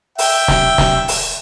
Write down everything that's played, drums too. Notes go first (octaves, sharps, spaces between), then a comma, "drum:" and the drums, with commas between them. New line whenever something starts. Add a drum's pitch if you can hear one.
E5 G5, drum: open hi-hat
drum: snare
drum: snare
drum: open hi-hat